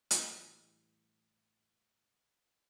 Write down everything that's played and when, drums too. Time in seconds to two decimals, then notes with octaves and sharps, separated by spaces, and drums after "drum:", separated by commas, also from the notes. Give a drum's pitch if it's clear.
0.11 A2 E3 G3, drum: hi-hat